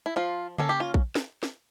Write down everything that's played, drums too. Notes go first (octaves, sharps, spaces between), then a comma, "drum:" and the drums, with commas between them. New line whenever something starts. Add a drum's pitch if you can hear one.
E4
F3 F4
A#3 C#4 A4, drum: tom C#3
G4
F4
drum: kick A#1
drum: snare
drum: snare